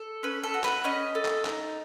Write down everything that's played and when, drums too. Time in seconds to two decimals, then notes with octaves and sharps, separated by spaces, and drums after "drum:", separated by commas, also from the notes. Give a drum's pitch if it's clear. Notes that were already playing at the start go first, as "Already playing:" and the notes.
Already playing: A4
0.23 C#4 B4
0.43 A4
0.54 F#4
0.64 B4, drum: clap
0.84 C#4 D#5
1.15 A4
1.25 drum: clap
1.45 D#4, drum: clap